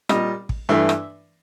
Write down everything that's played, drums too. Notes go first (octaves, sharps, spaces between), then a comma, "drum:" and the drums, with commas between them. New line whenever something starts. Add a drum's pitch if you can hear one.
A#2 G3 D#5, drum: rim click
drum: kick
G2 E3 A3 E5
drum: rim click